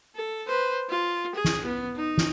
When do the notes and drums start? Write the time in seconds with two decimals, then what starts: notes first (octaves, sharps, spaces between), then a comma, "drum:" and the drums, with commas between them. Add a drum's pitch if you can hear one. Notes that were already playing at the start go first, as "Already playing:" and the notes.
0.16 A4
0.47 B4 C5
0.89 F4
1.35 G#4
1.45 drum: snare
1.65 B3
1.96 D#4
2.18 drum: snare